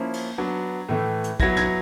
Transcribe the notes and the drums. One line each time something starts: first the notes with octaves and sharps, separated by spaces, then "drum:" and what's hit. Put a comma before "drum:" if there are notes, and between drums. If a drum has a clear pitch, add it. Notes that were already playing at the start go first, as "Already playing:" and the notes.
Already playing: F3 A#3 C#4 E4
drum: cymbal
F#3 B3 D4
A2 E3 A3
drum: hi-hat
F#3 B3 E4 G#6 A#6, drum: kick
G#6 A#6, drum: snare